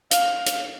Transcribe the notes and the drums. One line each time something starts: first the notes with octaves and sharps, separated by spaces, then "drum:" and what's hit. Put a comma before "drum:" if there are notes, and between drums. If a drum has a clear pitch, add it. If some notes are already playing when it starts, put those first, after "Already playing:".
F5, drum: hi-hat
drum: hi-hat